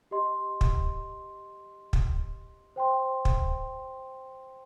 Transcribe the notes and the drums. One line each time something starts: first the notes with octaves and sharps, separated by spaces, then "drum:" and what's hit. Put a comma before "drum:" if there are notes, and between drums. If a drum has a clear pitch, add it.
G4 D#5 C6
drum: kick
drum: kick
C5 G5 C6
drum: kick